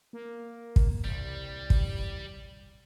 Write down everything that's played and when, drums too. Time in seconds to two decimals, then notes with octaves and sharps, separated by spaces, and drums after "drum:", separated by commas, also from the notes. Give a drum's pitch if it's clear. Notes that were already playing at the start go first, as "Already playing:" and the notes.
0.13 A#3
0.76 drum: kick
1.04 C2 G3
1.70 drum: kick